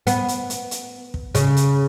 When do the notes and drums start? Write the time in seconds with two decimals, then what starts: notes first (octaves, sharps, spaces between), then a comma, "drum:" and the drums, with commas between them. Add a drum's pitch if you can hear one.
0.07 B3, drum: hi-hat
0.28 drum: hi-hat
0.50 drum: hi-hat
0.71 drum: hi-hat
1.14 drum: kick
1.35 C#3, drum: kick, hi-hat
1.57 drum: hi-hat